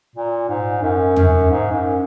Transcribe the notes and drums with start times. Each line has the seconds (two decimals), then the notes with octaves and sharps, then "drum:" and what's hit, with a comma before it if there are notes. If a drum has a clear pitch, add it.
0.16 A#2
0.49 G#2
0.82 F#2
1.16 F#2, drum: tom E2
1.50 G#2
1.72 F#2